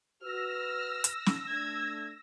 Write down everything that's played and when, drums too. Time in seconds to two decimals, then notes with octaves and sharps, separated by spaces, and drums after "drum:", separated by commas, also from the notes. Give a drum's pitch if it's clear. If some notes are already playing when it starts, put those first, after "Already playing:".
0.23 F#4 B4 E6 F6 A#6
1.04 drum: hi-hat
1.26 drum: snare
1.48 A3 D4 G#6